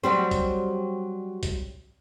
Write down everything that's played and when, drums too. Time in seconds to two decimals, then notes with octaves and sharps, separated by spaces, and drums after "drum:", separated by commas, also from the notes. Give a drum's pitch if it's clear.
0.04 F#3 G3 C4
0.31 drum: kick B1, hi-hat
1.43 drum: kick B1, hi-hat